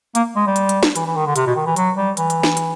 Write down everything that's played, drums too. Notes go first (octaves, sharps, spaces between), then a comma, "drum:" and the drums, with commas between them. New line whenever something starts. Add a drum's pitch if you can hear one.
A#3, drum: hi-hat
G#3
G3
drum: hi-hat
drum: hi-hat
drum: snare
E3, drum: hi-hat
E3
D#3
D3
C3, drum: hi-hat
B2
D#3
E3
F#3, drum: hi-hat
G3
E3, drum: hi-hat
drum: hi-hat
drum: snare
drum: hi-hat